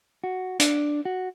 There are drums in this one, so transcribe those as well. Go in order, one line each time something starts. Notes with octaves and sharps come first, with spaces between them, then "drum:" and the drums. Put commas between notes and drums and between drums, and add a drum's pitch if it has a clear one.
F#4
D4, drum: hi-hat
F#4